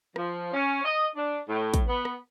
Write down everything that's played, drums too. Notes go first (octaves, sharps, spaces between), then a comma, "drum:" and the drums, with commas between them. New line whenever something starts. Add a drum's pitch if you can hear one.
F3, drum: rim click
C#4
D#5
D4
A2
drum: kick, hi-hat
B3
drum: rim click